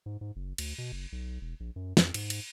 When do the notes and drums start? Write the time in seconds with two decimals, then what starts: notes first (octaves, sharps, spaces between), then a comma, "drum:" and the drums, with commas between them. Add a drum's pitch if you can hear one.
0.06 G#2
0.21 G#2
0.36 F#1
0.58 D2, drum: cymbal
0.78 B2
0.92 F#1
1.12 B1
1.41 E1
1.60 A#1
1.76 F#2
1.97 F2, drum: snare
2.14 G#2, drum: cymbal
2.30 drum: cymbal